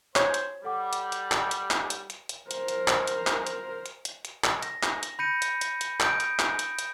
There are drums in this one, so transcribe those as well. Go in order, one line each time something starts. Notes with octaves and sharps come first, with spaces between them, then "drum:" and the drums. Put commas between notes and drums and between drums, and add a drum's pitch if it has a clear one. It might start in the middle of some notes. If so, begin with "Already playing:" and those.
C5 C#5, drum: clap
drum: hi-hat
G3 A4 F#5 D6
drum: hi-hat
drum: hi-hat
drum: clap
drum: hi-hat
drum: clap
drum: hi-hat
drum: hi-hat
drum: hi-hat
A#4 C5, drum: hi-hat
drum: hi-hat
drum: clap
drum: hi-hat
drum: clap
drum: hi-hat
drum: hi-hat
drum: hi-hat
drum: hi-hat
drum: clap
A#6, drum: hi-hat
drum: clap
drum: hi-hat
B5 G6 A#6 C#7 D#7
drum: hi-hat
drum: hi-hat
drum: hi-hat
D#6 G6 D7, drum: clap
drum: hi-hat
drum: clap
drum: hi-hat
drum: hi-hat